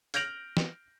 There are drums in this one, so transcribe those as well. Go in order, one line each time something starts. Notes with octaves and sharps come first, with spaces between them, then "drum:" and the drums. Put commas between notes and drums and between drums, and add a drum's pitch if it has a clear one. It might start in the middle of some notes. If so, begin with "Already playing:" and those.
F6 G6 A#6 D7 F7 F#7, drum: hi-hat
drum: snare